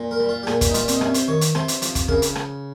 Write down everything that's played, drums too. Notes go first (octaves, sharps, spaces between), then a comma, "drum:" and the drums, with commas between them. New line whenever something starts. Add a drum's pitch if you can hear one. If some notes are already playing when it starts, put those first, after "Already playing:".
Already playing: A#2
A#4
G3
F4
G4
A#2 G#4, drum: rim click
G4, drum: kick, hi-hat
D#4
G3 F4, drum: hi-hat
C4, drum: hi-hat
D#4
C3 C#4, drum: rim click
C5, drum: hi-hat
D#3 C#5
drum: hi-hat
C3 C5, drum: rim click
drum: hi-hat
F3, drum: hi-hat
drum: kick, hi-hat
C#3 A#4, drum: kick
drum: hi-hat
drum: rim click